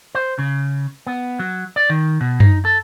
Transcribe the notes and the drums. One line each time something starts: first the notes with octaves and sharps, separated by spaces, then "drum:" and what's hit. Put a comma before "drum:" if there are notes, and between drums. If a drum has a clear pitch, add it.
C5
C#3
B3
F#3
D5
D#3
B2
D#4, drum: tom F#2
A4